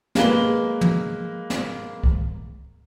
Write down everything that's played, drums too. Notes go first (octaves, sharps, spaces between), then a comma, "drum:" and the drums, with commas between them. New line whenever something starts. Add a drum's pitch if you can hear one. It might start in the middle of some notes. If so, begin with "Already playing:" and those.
G#3 A#3 B4 G7, drum: snare
drum: tom
drum: snare
drum: kick C2